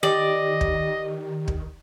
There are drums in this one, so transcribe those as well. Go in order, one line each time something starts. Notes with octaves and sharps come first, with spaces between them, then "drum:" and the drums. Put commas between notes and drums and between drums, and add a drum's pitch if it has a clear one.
D#3 G4 D5 D#5
drum: kick
drum: kick